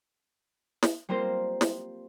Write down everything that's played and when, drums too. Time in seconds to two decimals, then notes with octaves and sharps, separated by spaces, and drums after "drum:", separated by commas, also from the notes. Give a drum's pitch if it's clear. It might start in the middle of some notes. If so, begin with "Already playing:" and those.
0.83 drum: snare
1.09 G3 A#3 C4 F4 A#4 C5
1.61 drum: snare